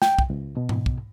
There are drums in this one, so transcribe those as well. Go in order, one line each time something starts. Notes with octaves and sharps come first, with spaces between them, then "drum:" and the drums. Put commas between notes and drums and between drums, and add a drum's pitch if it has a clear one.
G5, drum: snare
drum: kick
C#2
B2
drum: tom G#2
drum: kick